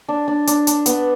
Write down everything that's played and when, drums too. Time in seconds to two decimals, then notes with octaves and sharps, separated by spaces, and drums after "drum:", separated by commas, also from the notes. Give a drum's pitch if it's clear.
0.08 D4
0.28 D4
0.47 D4, drum: hi-hat
0.67 D4, drum: hi-hat
0.86 B3, drum: hi-hat